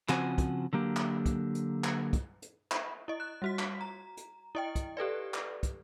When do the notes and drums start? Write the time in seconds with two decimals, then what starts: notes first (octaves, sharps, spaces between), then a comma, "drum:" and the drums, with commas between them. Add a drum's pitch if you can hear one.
0.09 C#3 F3 C4 F#4 F#5 G#5, drum: clap
0.38 drum: kick, hi-hat
0.73 D3 F#3 A#3 G4
0.96 drum: clap
1.26 drum: kick, hi-hat
1.55 drum: hi-hat
1.84 drum: clap
2.13 drum: kick, hi-hat
2.42 drum: hi-hat
2.71 drum: clap
3.08 E4 D#5
3.20 F#6
3.42 G3 F#4 B6
3.59 drum: clap
3.81 A#5
4.17 drum: hi-hat
4.55 E4 D#5 G5
4.75 drum: kick, hi-hat
4.97 G4 A4 B4 D5
5.34 drum: clap
5.63 drum: kick, hi-hat